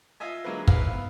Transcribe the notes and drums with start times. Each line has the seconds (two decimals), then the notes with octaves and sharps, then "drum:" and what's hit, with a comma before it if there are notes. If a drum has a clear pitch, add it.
0.20 F4 D#5 E5 G#5
0.44 D3 F#3 G#3 A#3 A#4 B4
0.68 D#2 E4 B4 F5, drum: kick
0.90 B3